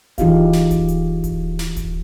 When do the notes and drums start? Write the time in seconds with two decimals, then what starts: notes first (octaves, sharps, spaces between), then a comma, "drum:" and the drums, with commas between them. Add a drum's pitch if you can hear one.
0.18 E3 D#4 F4 G4 G#4 F5, drum: kick D1, hi-hat
0.53 drum: snare
0.71 drum: kick D1, hi-hat
0.88 drum: hi-hat
1.24 drum: kick D1, hi-hat
1.59 drum: snare
1.77 drum: kick D1, hi-hat